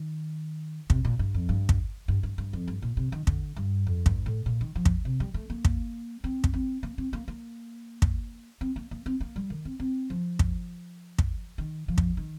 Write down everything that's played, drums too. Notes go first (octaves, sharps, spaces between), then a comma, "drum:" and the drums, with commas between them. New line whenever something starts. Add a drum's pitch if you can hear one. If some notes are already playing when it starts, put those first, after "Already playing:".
Already playing: D#3
C3, drum: kick
A#2
G2
F2
G2
drum: kick
G2
G2
G2
F2
G2
A#2
C3
D#3
D3, drum: kick
G2
F2
G2, drum: kick
A2
A#2
D#3
F3
drum: kick
C3
G3
A3
A#3
drum: kick
C4
drum: kick
C4
A#3
C4
A#3
A#3
drum: kick
C4
A#3
A#3
C4
A#3
G3
D#3
C4
C4
F3
drum: kick
drum: kick
D#3
F3
drum: kick
D#3